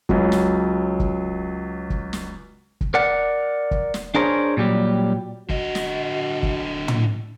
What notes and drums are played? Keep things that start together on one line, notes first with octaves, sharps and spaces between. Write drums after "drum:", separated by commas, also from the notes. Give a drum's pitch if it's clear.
C#2 F#3, drum: kick
drum: snare
drum: kick
drum: kick
drum: snare
drum: kick
A#4 D5 F#5
drum: kick
drum: snare
D4 G#4 A#4 C5 C#5
A#2 F#3 G3 G4
D3 F#4 D#5, drum: kick
drum: snare
drum: kick
drum: tom